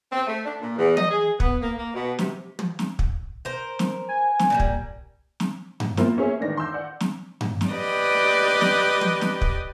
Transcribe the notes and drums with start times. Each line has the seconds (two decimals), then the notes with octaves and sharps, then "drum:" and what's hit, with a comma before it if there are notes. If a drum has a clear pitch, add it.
0.12 C4
0.27 A3
0.45 D4
0.62 A#2
0.78 E2
0.97 D#5, drum: tom
1.11 G#4
1.40 B3, drum: kick
1.62 A#3
1.76 A#3
1.95 B2
2.19 C3, drum: snare
2.59 drum: tom
2.79 drum: snare
2.99 drum: kick
3.45 A#4 C5
3.79 drum: snare
4.09 G#5
4.39 drum: snare
4.50 A#2 D#3 G3
4.60 drum: kick
5.40 drum: snare
5.80 drum: tom G2
5.97 A#3 C4 E4 F4 C5, drum: snare
6.17 A#3 C#4 G#4 C#5 E5
6.40 A2 D#3 E3 D4 A#6
6.57 C6 D6 E6 G6
6.73 D5 F#5
7.00 drum: snare
7.41 drum: tom G2
7.61 drum: snare
7.72 G4 B4 D5 D#5
8.61 drum: snare
9.01 drum: tom
9.21 drum: snare
9.41 drum: kick